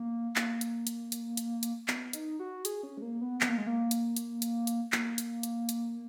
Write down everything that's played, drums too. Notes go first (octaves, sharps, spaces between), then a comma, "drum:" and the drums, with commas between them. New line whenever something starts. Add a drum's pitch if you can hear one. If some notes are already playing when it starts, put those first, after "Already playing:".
Already playing: A#3
A#3, drum: clap
drum: hi-hat
drum: hi-hat
drum: hi-hat
drum: hi-hat
drum: hi-hat
B3, drum: clap
D#4, drum: hi-hat
F#4
G#4, drum: hi-hat
C#4
G#3
A#3
B3
B3, drum: clap
A#3
G#3
A#3
drum: hi-hat
drum: hi-hat
drum: hi-hat
drum: hi-hat
A#3, drum: clap
drum: hi-hat
drum: hi-hat
drum: hi-hat